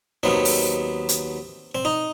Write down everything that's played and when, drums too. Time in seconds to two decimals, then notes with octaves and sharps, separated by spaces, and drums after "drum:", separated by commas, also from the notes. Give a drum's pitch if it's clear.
0.23 D#2 D#3 F#3 B3 C4
0.45 drum: open hi-hat
1.09 drum: hi-hat
1.75 C4
1.85 D#4